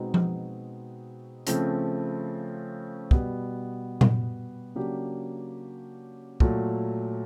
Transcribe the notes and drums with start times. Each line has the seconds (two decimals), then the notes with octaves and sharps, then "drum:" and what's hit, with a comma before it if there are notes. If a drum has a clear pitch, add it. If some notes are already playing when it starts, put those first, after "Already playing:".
Already playing: B2 G#3 C4 D#4 F#4
0.14 drum: tom F3
1.47 C#3 F3 A3 C4, drum: hi-hat
3.11 B2 G3 B3, drum: kick
4.01 drum: tom A#2
4.76 C#3 F#3 A#3 D4 G4
6.40 A#2 F#3 A3, drum: kick